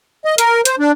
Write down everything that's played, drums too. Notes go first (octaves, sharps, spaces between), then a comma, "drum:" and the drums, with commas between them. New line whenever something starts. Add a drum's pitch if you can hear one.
D#5
A#4, drum: hi-hat
C5, drum: hi-hat
D4